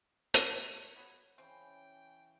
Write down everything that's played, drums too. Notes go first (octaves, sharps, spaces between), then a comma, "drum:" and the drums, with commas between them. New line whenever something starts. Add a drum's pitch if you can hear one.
C#4 F4 C#5, drum: hi-hat
F#3 B3
C#3 E3 C4 G5